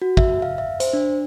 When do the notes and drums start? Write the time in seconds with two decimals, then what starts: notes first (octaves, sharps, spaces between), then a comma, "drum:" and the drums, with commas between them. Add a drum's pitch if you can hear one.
0.02 F#4
0.17 E5, drum: kick
0.42 F5
0.58 E5
0.80 C5, drum: hi-hat
0.93 D4